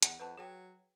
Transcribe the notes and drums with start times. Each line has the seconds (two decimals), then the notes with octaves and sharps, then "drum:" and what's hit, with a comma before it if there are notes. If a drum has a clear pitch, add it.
0.03 E2 F#5, drum: hi-hat
0.19 F2 B4 F#5 A5
0.37 F#3 G#4 G5